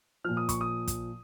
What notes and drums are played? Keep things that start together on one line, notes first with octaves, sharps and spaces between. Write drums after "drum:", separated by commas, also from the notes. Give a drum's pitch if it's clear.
A#2 F3 F6
D#6
C#6, drum: kick, hi-hat
D#6
drum: kick, hi-hat